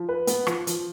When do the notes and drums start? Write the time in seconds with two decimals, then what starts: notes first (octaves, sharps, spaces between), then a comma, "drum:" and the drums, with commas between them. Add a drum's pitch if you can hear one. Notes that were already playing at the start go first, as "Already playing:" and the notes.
Already playing: F3
0.09 B4
0.27 B3, drum: hi-hat
0.47 F3, drum: rim click
0.67 F3, drum: hi-hat